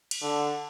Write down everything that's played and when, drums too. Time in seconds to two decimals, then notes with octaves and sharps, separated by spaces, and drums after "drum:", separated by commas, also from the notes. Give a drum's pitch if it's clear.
0.11 drum: cymbal
0.22 D3